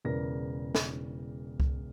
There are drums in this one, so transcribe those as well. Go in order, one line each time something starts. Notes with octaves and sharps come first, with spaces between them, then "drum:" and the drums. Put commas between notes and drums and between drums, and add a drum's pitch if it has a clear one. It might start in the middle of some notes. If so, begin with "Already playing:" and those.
E1 C#3 E3 A#4 D5 A#6
drum: snare
drum: kick C2